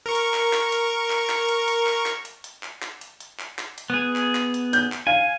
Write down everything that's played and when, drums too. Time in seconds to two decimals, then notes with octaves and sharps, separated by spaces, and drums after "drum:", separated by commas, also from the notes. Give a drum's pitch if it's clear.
0.06 A#4 C#6
0.15 drum: hi-hat
0.34 drum: clap
0.53 drum: clap
0.72 drum: hi-hat
1.10 drum: clap
1.30 drum: clap
1.49 drum: hi-hat
1.68 drum: hi-hat
1.87 drum: clap
2.06 drum: clap
2.25 drum: hi-hat
2.44 drum: hi-hat
2.63 drum: clap
2.82 drum: clap
3.01 drum: hi-hat
3.20 drum: hi-hat
3.40 drum: clap
3.59 drum: clap
3.78 drum: hi-hat
3.90 B3 G#4
4.16 drum: clap
4.35 drum: clap
4.54 drum: hi-hat
4.73 G6, drum: hi-hat
4.92 drum: clap
5.07 F5 G#5